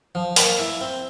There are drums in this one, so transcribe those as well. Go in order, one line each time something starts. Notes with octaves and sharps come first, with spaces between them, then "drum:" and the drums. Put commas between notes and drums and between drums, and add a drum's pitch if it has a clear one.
F3
A#3, drum: open hi-hat
E4
C4